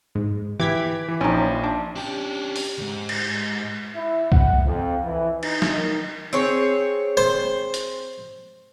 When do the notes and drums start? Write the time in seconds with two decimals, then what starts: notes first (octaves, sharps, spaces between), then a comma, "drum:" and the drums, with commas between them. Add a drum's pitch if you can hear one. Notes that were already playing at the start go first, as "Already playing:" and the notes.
0.15 G#2
0.60 E3 G4 D6 G#6 B6, drum: tom D#3
1.08 E3
1.21 A#1 F3 C#4 D#4
1.63 D4
1.95 C#4 D4 G4
2.56 drum: open hi-hat
2.78 D#2 G#2
3.09 drum: cymbal
3.95 E4
4.32 F#5, drum: kick C2
4.64 F2
5.04 E3
5.43 D#4, drum: cymbal
5.62 drum: snare F#3
5.75 D#3
6.33 C4 G#4 C#5
7.17 C5
7.74 drum: hi-hat